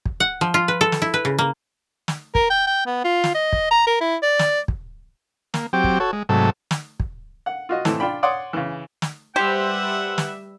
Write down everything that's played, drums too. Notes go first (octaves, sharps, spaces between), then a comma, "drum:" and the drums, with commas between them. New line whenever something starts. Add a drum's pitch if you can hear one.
drum: kick
F#5
F3
F4
B4
A4
drum: snare
E4
B4
C#3
A#3
drum: snare
A#4, drum: kick
G5
G5
B3
F4
drum: snare
D#5
drum: kick
A#5
A#4
E4
D5
drum: snare
drum: kick
A#3, drum: snare
F#3 C4 G4 G5 D6
drum: kick
F#4 A4 C#5
G#3
G#2 C3 F#3 A3 A4
drum: snare
drum: kick
F#5
F4 F#4 D#5
A2 E3 C4 A4, drum: snare
D4 F4 G5 B5
C#5 D5 F#5 C6 D6 D#6
C#3 E3
drum: snare
G3 G4 B4 C5 E5 F#5
drum: snare